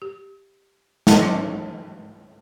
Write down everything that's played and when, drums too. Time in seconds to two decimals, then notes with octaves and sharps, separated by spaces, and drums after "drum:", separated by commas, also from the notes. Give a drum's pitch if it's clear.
0.02 G4
1.07 drum: snare
1.22 F#3 C#4 D#4 E4